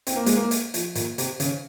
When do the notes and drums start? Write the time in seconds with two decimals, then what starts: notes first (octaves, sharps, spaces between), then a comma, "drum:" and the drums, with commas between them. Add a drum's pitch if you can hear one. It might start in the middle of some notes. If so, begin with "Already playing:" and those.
0.07 C4, drum: hi-hat
0.16 A#3
0.26 G#3, drum: hi-hat
0.36 A#3
0.51 drum: hi-hat
0.74 F3, drum: hi-hat
0.95 A#2, drum: hi-hat
1.18 C3, drum: hi-hat
1.40 C#3, drum: hi-hat